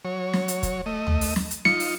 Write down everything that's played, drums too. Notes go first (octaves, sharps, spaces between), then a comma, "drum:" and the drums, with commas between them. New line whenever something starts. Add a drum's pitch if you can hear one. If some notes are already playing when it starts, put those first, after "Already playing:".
F#3 C#5
drum: snare
drum: hi-hat
drum: kick, hi-hat
A3 D#5
drum: tom
drum: open hi-hat
drum: snare
drum: hi-hat
D#4 F4 C#7, drum: snare
drum: open hi-hat